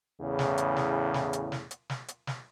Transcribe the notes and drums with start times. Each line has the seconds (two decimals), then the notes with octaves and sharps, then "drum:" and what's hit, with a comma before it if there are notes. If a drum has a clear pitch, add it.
0.20 E2 A2 C#3
0.39 drum: snare
0.58 drum: hi-hat
0.76 drum: snare
1.14 drum: snare
1.33 drum: hi-hat
1.52 drum: snare
1.71 drum: hi-hat
1.90 drum: snare
2.08 drum: hi-hat
2.27 drum: snare